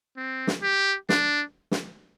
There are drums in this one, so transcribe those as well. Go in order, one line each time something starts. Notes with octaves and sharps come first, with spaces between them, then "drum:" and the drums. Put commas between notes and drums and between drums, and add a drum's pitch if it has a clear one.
C4
drum: snare
G4
D4, drum: snare
drum: snare